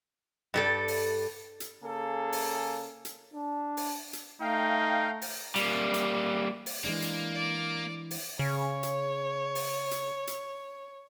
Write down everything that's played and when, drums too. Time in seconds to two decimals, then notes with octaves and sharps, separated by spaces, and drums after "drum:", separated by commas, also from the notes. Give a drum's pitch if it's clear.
0.54 G2 G3 A4
0.88 drum: open hi-hat
1.60 drum: hi-hat
1.82 C#3 A#3 G#4 A4
2.32 drum: open hi-hat
3.05 drum: hi-hat
3.34 D4
3.77 drum: open hi-hat
4.13 drum: hi-hat
4.41 A3 D#4 F5 G5
5.22 drum: open hi-hat
5.56 G3 A#3, drum: hi-hat
5.94 drum: hi-hat
6.66 drum: open hi-hat
6.84 E3 G#3 A#3 D4
7.02 drum: hi-hat
7.34 D5
8.11 drum: open hi-hat
8.39 C#3 C#5
8.83 drum: hi-hat
9.55 drum: open hi-hat
9.91 drum: hi-hat
10.27 drum: hi-hat